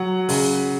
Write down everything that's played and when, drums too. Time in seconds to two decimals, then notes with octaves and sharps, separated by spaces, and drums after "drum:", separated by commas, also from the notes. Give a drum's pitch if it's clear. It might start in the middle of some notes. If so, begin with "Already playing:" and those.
Already playing: F#3 F#5
0.29 C#3, drum: open hi-hat